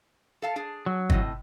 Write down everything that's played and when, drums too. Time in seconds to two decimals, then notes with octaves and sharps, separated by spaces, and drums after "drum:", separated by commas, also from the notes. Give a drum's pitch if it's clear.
0.42 A4 F5 A5
0.56 D4 G#4
0.86 F#3
1.10 A2 C4 D#5, drum: kick G1